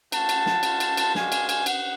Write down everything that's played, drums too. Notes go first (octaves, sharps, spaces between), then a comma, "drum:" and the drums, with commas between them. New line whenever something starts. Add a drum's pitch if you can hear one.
A3 C#4 F4 F#5 A5, drum: cymbal
drum: cymbal
drum: snare
G#3 C#4 F4, drum: cymbal
drum: cymbal
drum: cymbal
G#3 D4 F#4 F5 G#5, drum: snare
drum: cymbal
drum: cymbal
F#5, drum: cymbal